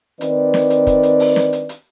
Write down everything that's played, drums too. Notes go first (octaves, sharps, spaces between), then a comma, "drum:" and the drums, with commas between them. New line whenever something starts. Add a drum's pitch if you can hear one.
D#3 C4 B4 D5, drum: hi-hat
drum: snare
drum: hi-hat
drum: kick, hi-hat
drum: hi-hat
drum: open hi-hat
drum: snare
drum: hi-hat
drum: hi-hat